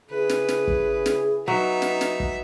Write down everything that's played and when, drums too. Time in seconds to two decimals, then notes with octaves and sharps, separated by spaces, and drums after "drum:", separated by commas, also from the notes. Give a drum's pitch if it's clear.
0.10 C#3 E4 G#4 B4
0.29 drum: snare
0.49 drum: snare
0.68 drum: kick
1.06 drum: snare
1.48 F#3 B3 D#4 E5
1.82 drum: snare
2.01 drum: snare
2.20 drum: kick